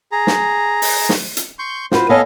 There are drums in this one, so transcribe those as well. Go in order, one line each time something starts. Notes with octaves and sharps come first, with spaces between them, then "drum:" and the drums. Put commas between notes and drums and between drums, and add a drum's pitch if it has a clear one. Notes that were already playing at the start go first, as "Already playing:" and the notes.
G#4 A#5
drum: snare
drum: open hi-hat
drum: snare
drum: hi-hat
C6 C#6 G6
F4 F#4 B4 C5, drum: snare
B3 A4 C#5 D#5 F5 G#5